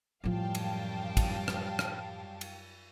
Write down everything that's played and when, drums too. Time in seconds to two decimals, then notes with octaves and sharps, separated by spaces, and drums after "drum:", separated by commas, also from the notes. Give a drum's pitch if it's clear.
0.24 F#2 A2 F3 G3 F5 G5 A5
0.55 drum: cymbal
1.17 drum: kick, cymbal
1.48 drum: rim click
1.79 drum: rim click
2.41 drum: cymbal